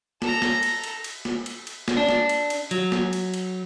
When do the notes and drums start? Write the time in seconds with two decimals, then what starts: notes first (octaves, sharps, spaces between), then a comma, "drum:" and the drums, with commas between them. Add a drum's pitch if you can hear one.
0.22 A4 A#5, drum: snare
0.42 drum: snare
0.63 drum: cymbal
0.84 drum: cymbal
1.04 drum: cymbal
1.25 drum: snare
1.46 drum: cymbal
1.67 drum: cymbal
1.88 drum: snare
1.97 D4
2.09 drum: snare
2.29 drum: cymbal
2.50 drum: cymbal
2.71 F#3, drum: cymbal
2.92 drum: snare
3.13 drum: cymbal
3.34 drum: cymbal